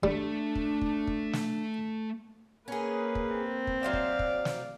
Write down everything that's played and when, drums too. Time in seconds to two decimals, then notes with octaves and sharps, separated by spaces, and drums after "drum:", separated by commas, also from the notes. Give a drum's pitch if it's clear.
0.03 G3 A3 D4, drum: kick
0.55 drum: kick
0.81 drum: kick
1.07 drum: kick
1.33 drum: snare
2.68 A#3 C#4 G#4 B4
3.15 drum: kick
3.32 C4
3.67 drum: kick
3.83 F#3 C5 D5 E5 F5
3.93 drum: kick
4.19 drum: kick
4.45 drum: snare